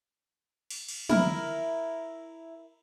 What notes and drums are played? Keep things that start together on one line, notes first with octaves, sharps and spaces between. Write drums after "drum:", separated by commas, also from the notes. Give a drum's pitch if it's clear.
drum: open hi-hat
drum: cymbal
E4 A#4, drum: tom